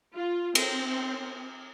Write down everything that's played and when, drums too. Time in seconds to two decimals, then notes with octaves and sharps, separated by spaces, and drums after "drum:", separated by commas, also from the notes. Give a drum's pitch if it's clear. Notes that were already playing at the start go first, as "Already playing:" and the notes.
0.15 F4
0.55 C4, drum: cymbal